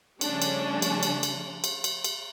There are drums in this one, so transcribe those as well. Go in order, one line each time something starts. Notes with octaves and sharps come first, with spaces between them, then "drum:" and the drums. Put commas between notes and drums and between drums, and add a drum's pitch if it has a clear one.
C#3 F3 G3 A3 C#4 D4, drum: cymbal
drum: cymbal
drum: cymbal
drum: cymbal
drum: cymbal
drum: cymbal
drum: cymbal
drum: cymbal